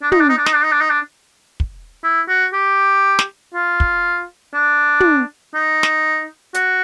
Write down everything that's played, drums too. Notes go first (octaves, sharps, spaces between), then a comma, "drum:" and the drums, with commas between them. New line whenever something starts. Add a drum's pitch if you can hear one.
D4
D#4, drum: tom
D4
D#4
D4
D#4, drum: snare
D4
D#4
D4
D#4
D4
drum: kick
E4
F#4
G4
drum: snare
F4
drum: kick
D4
drum: tom
D#4
drum: snare
F#4, drum: hi-hat